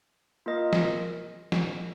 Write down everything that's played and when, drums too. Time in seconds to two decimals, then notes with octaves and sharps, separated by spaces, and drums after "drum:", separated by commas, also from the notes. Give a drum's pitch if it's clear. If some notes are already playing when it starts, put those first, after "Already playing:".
0.46 A#3 F4 A#4 D#5
0.73 drum: snare
1.52 drum: snare